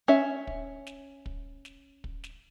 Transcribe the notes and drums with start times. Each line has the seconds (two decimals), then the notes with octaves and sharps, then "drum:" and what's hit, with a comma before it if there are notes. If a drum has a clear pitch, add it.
0.08 C#4 E5
0.47 drum: kick
0.87 drum: snare
1.26 drum: kick
1.65 drum: snare
2.04 drum: kick
2.24 drum: snare